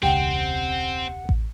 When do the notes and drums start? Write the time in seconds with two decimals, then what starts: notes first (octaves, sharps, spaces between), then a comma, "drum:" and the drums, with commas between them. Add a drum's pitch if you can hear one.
0.03 E1 C#2 C#3 C4 G4 F#5
1.29 drum: kick A1